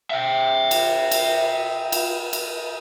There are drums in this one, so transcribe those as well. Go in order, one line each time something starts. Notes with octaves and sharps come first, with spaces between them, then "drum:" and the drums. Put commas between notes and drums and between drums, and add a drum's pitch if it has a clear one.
E5 G5
drum: cymbal
drum: cymbal
drum: cymbal
drum: cymbal